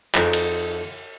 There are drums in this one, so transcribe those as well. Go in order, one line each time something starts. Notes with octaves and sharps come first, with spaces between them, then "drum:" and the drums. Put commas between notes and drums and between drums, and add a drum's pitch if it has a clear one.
F2 D#4 G#4, drum: clap
drum: cymbal